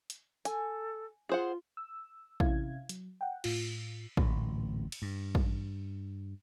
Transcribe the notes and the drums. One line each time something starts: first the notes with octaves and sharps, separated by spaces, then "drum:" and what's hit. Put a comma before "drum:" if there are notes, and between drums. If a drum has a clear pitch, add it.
drum: hi-hat
A4 G#5, drum: hi-hat
F4 G#4 C5 F#5
E6
C3 C#4 E4 F5 G#6, drum: kick
F#3, drum: hi-hat
F#5 G5
A2 F4, drum: cymbal
D1 A1 A#2, drum: kick
drum: cymbal
G2
drum: kick